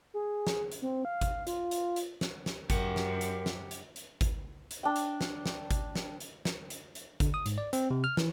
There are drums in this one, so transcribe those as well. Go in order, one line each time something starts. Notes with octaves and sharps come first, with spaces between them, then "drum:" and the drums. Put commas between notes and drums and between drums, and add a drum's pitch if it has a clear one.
G#4
drum: snare
drum: hi-hat
C4
F5
drum: kick G#1, hi-hat
F4, drum: hi-hat
drum: hi-hat
drum: hi-hat
drum: snare
drum: snare
F#2 G4 A#4 F#5, drum: kick G#1, hi-hat
drum: snare
drum: hi-hat
drum: snare
drum: hi-hat
drum: hi-hat
drum: kick G#1, hi-hat
drum: hi-hat
D4 G5
drum: hi-hat
drum: snare
drum: snare
drum: kick G#1, hi-hat
drum: snare
drum: hi-hat
drum: snare
drum: hi-hat
drum: hi-hat
D3, drum: kick G#1, hi-hat
D#6
G#2, drum: hi-hat
D5
C4, drum: hi-hat
C3
F6
E3, drum: snare